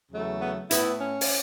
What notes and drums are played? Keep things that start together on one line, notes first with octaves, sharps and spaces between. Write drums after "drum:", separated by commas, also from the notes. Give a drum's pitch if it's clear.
E2 C#3 F#3 A3
B3
A2 A3 B3 E4, drum: hi-hat
C#4
drum: open hi-hat